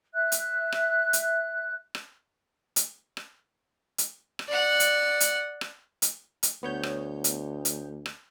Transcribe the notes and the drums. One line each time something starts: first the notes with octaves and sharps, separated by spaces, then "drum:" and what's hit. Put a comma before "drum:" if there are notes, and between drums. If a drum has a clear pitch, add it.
E5 F#6
drum: hi-hat
drum: rim click
drum: hi-hat
drum: rim click
drum: hi-hat
drum: rim click
drum: hi-hat
drum: rim click
D5 F#5
drum: hi-hat
drum: hi-hat
drum: rim click
drum: hi-hat
drum: hi-hat
D2 B3 C#5 G6
drum: rim click
drum: hi-hat
drum: hi-hat
drum: rim click